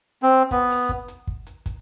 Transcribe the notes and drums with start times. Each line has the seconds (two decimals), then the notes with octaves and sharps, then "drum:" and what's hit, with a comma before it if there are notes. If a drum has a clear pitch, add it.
0.23 C4
0.51 B3, drum: kick, hi-hat
0.70 drum: open hi-hat
0.89 drum: kick
1.08 drum: hi-hat
1.27 drum: kick
1.47 drum: hi-hat
1.66 drum: kick, hi-hat